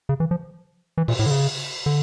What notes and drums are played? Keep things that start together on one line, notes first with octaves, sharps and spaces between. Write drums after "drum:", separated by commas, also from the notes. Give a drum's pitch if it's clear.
C#3
E3
F3
E3
A#2, drum: cymbal
A2
D3
C#3
D3